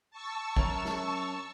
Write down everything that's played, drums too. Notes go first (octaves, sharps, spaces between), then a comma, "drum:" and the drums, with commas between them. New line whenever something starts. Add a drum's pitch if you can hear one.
A5 C#6 E6
F#2 C#4 A#4, drum: kick
drum: snare